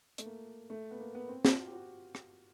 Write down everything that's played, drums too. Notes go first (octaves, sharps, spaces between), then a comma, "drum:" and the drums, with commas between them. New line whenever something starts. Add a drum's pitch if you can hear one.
A3, drum: hi-hat
A#3
A3
B3
A#3
B3
C4
F4, drum: snare
F#4
G4
F#4
drum: rim click